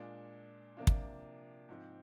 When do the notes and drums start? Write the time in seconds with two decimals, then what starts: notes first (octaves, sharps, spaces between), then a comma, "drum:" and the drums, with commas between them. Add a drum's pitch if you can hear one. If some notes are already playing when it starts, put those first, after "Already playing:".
Already playing: A#2 G#3 D4 F4
0.77 C3 F3 A#3 D4 F4
0.87 drum: kick
1.69 G#2 F3 C4